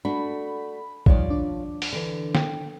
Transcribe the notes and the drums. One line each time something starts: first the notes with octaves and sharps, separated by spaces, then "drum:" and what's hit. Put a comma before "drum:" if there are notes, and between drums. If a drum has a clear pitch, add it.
A3 D4 F#4 B5
D#2 F3 G3 C#5 D5, drum: kick A#1
D4
drum: open hi-hat
D3 E3
G5, drum: snare